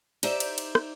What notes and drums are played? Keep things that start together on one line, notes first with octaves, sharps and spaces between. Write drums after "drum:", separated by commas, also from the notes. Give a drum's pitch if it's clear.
D#4 G4 C5 D5 E5, drum: cymbal
drum: cymbal
drum: cymbal
drum: rim click